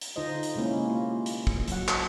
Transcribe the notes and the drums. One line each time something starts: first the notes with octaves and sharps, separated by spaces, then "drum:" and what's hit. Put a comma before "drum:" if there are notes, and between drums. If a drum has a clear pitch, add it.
drum: hi-hat
D3 D#4 F4 C5 D#5
drum: hi-hat
C3 G#3 A#3 C#4 E4
A#3 F4
drum: hi-hat
drum: kick
F#3 F#5, drum: hi-hat
drum: clap